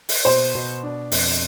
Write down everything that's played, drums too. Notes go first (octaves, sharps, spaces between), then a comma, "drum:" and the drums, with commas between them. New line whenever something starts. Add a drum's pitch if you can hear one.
drum: open hi-hat
B2 C5
B2
D4
F2, drum: open hi-hat